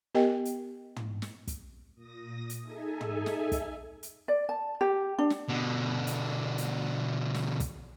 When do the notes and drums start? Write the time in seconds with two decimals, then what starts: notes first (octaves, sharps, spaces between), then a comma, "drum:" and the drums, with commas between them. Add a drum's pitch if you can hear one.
0.15 B3 G4 A#4 D#5 G5
0.45 drum: hi-hat
0.96 drum: tom
1.22 drum: snare
1.47 drum: kick, hi-hat
1.95 A#2 D#6 A#6
2.50 drum: hi-hat
2.62 D#4 G#4 A4 E5 G#5
3.01 drum: tom
3.26 drum: snare
3.52 drum: kick, hi-hat
4.03 drum: hi-hat
4.28 D5
4.49 A5
4.81 G4
5.18 D4
5.30 drum: snare
5.48 B2 D3
6.07 drum: hi-hat
6.58 drum: hi-hat
7.34 drum: snare
7.60 drum: kick, hi-hat